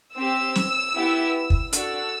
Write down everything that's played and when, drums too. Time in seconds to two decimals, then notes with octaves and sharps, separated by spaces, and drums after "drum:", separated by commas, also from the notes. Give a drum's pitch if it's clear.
0.16 C4 G4 E6
0.55 drum: snare
0.95 B3 E4 G4
1.50 drum: kick
1.73 D4 F#4 A4 E6, drum: hi-hat